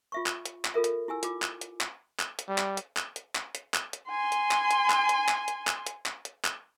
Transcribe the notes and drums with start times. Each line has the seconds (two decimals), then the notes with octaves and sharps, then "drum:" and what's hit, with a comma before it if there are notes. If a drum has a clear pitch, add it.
0.12 F4 E5 C#6
0.26 drum: clap
0.45 drum: hi-hat
0.65 drum: clap
0.74 F4 A4 A#4 E5
0.84 drum: hi-hat
1.08 E4 G4 G#5 E6
1.23 F4 D6, drum: hi-hat
1.42 drum: clap
1.61 drum: hi-hat
1.81 drum: clap
2.19 drum: clap
2.39 drum: hi-hat
2.48 G3
2.58 drum: clap
2.77 drum: hi-hat
2.97 drum: clap
3.16 drum: hi-hat
3.35 drum: clap
3.55 drum: hi-hat
3.74 drum: clap
3.93 drum: hi-hat
4.08 G#5 C6
4.32 drum: hi-hat
4.51 drum: clap
4.71 drum: hi-hat
4.90 drum: clap
5.09 drum: hi-hat
5.29 drum: clap
5.48 drum: hi-hat
5.67 drum: clap
5.87 drum: hi-hat
6.06 drum: clap
6.25 drum: hi-hat
6.44 drum: clap